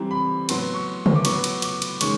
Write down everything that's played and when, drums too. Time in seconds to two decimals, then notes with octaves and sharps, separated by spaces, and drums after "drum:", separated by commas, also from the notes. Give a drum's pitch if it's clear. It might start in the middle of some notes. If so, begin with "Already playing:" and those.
Already playing: E3 G3 C4 A#5
0.11 B5
0.49 A2 F#3 B3 C6, drum: cymbal
0.74 C#6
1.06 drum: tom C#3
1.15 D6
1.25 A2 F#3 B3 C#6, drum: cymbal
1.44 drum: cymbal
1.62 D6, drum: cymbal
1.82 drum: cymbal
2.01 D#3 G#3 C#4 C#6, drum: cymbal